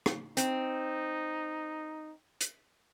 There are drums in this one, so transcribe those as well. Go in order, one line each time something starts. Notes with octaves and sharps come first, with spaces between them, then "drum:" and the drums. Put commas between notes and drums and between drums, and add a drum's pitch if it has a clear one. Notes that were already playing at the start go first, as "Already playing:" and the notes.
drum: rim click
C4 D#4, drum: hi-hat
drum: hi-hat